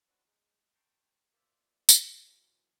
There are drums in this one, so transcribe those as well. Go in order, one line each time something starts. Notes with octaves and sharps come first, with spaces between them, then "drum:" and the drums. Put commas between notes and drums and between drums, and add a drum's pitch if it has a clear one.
C4 D4 F4 F#4 B4
G#3 D#4
G5 A5 A#5 C6 C#6
A#3 F4 C5 D5 E5
drum: tambourine
E3 F#3 A#3 C#4 D#4 F4